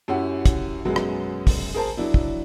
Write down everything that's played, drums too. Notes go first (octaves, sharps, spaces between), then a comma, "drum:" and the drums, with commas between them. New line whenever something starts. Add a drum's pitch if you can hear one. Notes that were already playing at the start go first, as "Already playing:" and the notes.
F#2 C#4 E4 G4 F#5
drum: kick, hi-hat
F#2 B2 F#3 G#3 B3
drum: rim click
drum: kick, open hi-hat
G#4 A#4 C5 A5
F#3 D4 E4
drum: kick